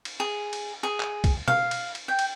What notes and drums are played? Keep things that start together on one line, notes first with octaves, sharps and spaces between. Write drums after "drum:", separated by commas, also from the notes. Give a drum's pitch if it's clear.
drum: cymbal
G#4
drum: cymbal
G#4
drum: clap
drum: kick, cymbal
F5, drum: tom
drum: cymbal
drum: cymbal
G5
drum: cymbal